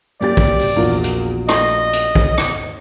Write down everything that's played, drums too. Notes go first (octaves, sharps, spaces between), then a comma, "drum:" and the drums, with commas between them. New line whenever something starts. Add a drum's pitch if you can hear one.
F#2 A#3 G4 D5 A6
drum: kick
drum: open hi-hat
A#1 E2 F4 F#4 A#4
drum: hi-hat
A3 D#5 A#6, drum: rim click
drum: hi-hat
drum: kick
drum: rim click